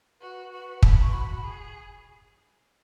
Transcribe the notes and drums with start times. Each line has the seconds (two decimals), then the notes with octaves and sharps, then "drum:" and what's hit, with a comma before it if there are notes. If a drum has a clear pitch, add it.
0.21 F#4 B4
0.52 F#4 B4
0.83 E4 A5, drum: kick
1.02 C#6
1.13 F#4 B5
1.44 G#4